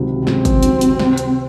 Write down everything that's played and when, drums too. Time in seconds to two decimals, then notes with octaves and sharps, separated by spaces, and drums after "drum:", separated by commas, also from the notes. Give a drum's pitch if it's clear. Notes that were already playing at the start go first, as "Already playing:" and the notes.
Already playing: C#2 C3 D#3 F#3
0.27 C#2 C4, drum: snare
0.45 drum: kick, hi-hat
0.63 C3 D#3 F#3, drum: hi-hat
0.81 drum: hi-hat
0.99 C3, drum: snare
1.18 drum: hi-hat